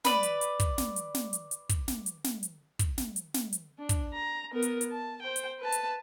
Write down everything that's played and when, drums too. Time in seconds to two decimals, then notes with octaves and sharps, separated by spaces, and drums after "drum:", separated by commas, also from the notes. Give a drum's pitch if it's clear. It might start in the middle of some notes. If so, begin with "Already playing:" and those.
0.05 B4 D5, drum: snare
0.23 drum: hi-hat
0.41 drum: hi-hat
0.60 drum: kick, hi-hat
0.78 drum: snare
0.96 drum: hi-hat
1.14 drum: snare
1.33 drum: hi-hat
1.51 drum: hi-hat
1.69 drum: kick, hi-hat
1.88 drum: snare
2.06 drum: hi-hat
2.24 drum: snare
2.43 drum: hi-hat
2.79 drum: kick, hi-hat
2.98 drum: snare
3.16 drum: hi-hat
3.34 drum: snare
3.53 drum: hi-hat
3.79 D4
3.89 drum: kick, hi-hat
4.13 A#5
4.53 B3 A#4
4.62 drum: hi-hat
4.81 drum: hi-hat
4.92 A5
5.22 C5 G5
5.36 drum: hi-hat
5.60 B4 A5
5.72 drum: hi-hat